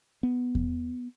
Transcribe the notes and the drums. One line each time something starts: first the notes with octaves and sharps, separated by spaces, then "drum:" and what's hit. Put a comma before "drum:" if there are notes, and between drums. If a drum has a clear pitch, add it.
B3
drum: kick E2